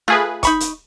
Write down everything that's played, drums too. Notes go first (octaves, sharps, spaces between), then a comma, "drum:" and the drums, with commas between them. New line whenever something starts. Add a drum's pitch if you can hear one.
A3 F4 G#4 B4
D#4 B5 C#6, drum: kick, hi-hat
drum: hi-hat